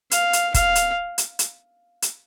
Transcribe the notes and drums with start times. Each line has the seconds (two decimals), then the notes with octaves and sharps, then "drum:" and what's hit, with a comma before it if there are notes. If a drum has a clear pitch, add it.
0.11 F5, drum: hi-hat
0.33 drum: hi-hat
0.54 F5, drum: kick, hi-hat
0.75 drum: hi-hat
1.18 drum: hi-hat
1.39 drum: hi-hat
2.02 drum: hi-hat